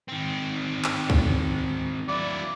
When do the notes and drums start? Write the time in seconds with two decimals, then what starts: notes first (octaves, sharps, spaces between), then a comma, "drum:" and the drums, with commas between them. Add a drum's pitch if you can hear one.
0.08 D#3 C4
0.84 drum: clap
1.10 drum: kick C#2
2.08 F#3 E4 D5